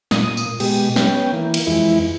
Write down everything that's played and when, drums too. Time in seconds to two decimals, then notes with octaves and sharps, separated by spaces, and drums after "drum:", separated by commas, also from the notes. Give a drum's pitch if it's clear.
0.11 A#2 D#6, drum: snare
0.37 drum: tambourine
0.60 B2 G#3 G4, drum: cymbal
0.96 B3 C#4 G5, drum: snare
1.33 E3 A#3
1.54 drum: cymbal
1.67 F2 E3 G#3 E4